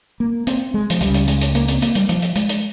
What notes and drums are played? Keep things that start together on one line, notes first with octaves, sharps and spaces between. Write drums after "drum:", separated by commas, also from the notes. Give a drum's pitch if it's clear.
A#3
C4, drum: hi-hat
G#3
F3, drum: hi-hat
C#2 C#3 G3, drum: hi-hat
drum: hi-hat
G#3, drum: hi-hat
drum: hi-hat
A#3, drum: hi-hat
C4, drum: hi-hat
A#3, drum: hi-hat
G3, drum: hi-hat
F3, drum: hi-hat
drum: hi-hat
G#3, drum: hi-hat
drum: hi-hat